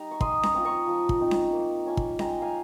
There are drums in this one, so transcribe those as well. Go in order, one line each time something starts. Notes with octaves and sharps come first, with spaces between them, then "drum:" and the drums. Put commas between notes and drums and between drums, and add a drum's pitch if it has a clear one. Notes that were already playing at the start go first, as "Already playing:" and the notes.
Already playing: G3 D#4 A#5
C#6
G#3 C6 D#6, drum: kick
A#5 C#6, drum: snare C#4
C4 F4
A#5 C#6
F3
drum: kick
C4 D#4
drum: snare C#4
A#3
C#4 F4
drum: kick
G#3 G5 A#5, drum: snare C#4
F5 G#5